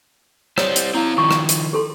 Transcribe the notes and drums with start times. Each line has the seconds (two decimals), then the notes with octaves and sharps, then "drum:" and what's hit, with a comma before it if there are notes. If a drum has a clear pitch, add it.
0.58 G3 C5 C#5, drum: rim click
0.76 drum: hi-hat
0.94 C4 E4 F5
1.18 D#3 F3 C#6
1.31 drum: rim click
1.49 drum: hi-hat
1.73 G4 A4 C6